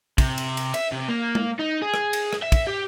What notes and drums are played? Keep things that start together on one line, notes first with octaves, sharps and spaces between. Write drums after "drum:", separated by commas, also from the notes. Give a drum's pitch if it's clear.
C3, drum: kick, cymbal
drum: cymbal
drum: cymbal
E5, drum: cymbal
C3
A#3
drum: tom G#3
D#4
G#4
drum: rim click
drum: cymbal
drum: rim click
E5
drum: kick, cymbal
G4